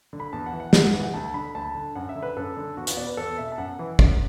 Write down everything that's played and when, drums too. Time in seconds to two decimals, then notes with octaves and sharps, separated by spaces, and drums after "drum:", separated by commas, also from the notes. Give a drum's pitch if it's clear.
0.13 D3
0.20 B5
0.33 E2 A5
0.46 F#5
0.53 E3
0.60 F#5
0.73 E2 F#5, drum: snare
0.94 E3 F#5
1.14 D2 A5
1.34 D3 B5
1.55 D2 A5
1.75 D3
1.95 F#2 F#5
2.09 E5
2.15 D3
2.23 B4
2.36 F#2 A4
2.57 D3
2.77 E2 F#4
2.87 B3, drum: hi-hat
2.97 B2 D5
3.07 B4
3.17 E2 A4
3.38 B2 E5
3.52 A5
3.58 F#2 F#5
3.79 E3
3.99 F#2, drum: kick